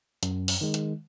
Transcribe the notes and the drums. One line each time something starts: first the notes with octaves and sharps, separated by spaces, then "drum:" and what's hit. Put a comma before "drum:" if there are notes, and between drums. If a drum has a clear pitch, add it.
F#2, drum: hi-hat
drum: open hi-hat
D#3 G#3
drum: hi-hat